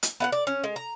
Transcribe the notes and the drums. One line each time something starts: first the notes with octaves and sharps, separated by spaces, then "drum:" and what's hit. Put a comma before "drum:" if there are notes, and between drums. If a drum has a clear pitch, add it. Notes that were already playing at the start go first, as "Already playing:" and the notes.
drum: hi-hat
B3 E5 F#5
D5
C#4
G#3
A#5